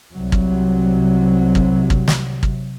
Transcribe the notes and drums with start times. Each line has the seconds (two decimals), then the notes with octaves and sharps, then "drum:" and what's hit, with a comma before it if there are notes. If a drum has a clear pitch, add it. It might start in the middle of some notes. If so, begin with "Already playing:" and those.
0.15 C2 C3 F#3
0.32 drum: kick
1.55 drum: kick
1.90 drum: kick
2.08 drum: snare
2.43 drum: kick